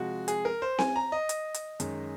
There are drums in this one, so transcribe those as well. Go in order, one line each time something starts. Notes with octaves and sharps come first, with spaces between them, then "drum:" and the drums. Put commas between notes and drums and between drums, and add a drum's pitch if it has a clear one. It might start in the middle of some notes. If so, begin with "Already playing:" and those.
Already playing: C3 F3 G#3 F#4
G#4, drum: hi-hat
A#4
C5
G#5, drum: snare C4
A#5
D#5
drum: hi-hat
drum: hi-hat
F#2 D#3 G#3, drum: hi-hat